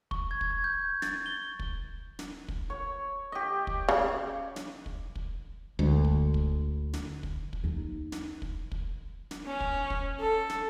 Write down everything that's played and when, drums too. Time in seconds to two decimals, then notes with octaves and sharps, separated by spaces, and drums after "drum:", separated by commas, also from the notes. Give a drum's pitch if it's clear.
0.11 C#6, drum: kick
0.31 G#6
0.41 drum: kick
0.51 G#6
0.64 G6
1.02 A6, drum: snare
1.26 G7
1.59 drum: kick
2.19 drum: snare
2.48 drum: kick
2.70 C#5
3.32 G4 D#5
3.67 drum: kick
3.89 C#3
4.56 drum: snare
4.86 drum: kick
5.15 drum: kick
5.79 D2 G#3
6.04 drum: kick
6.34 drum: kick
6.93 drum: snare
7.23 drum: kick
7.53 drum: kick
7.64 D#2 D#4
8.12 drum: snare
8.42 drum: kick
8.72 drum: kick
9.31 drum: snare
9.46 C#4
9.61 drum: kick
9.90 drum: kick
10.20 A4
10.50 drum: snare